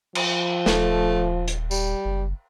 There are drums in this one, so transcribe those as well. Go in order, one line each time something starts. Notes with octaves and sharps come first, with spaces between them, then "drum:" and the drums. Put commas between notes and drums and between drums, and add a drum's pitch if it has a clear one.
F3, drum: cymbal
D#1 A3, drum: snare
drum: hi-hat
G3, drum: tambourine
F#1